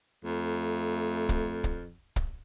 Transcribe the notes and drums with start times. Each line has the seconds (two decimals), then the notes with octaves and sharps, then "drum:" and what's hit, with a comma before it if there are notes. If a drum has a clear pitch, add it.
0.24 F2 A3
1.29 drum: kick
1.64 drum: kick
2.16 drum: kick